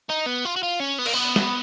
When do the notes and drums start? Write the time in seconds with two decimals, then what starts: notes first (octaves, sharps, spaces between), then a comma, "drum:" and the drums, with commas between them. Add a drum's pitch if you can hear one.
0.10 D#4
0.26 B3
0.45 F4
0.56 F#4
0.63 F4
0.80 C#4
0.99 B3
1.06 A#3, drum: cymbal
1.14 B3
1.36 drum: snare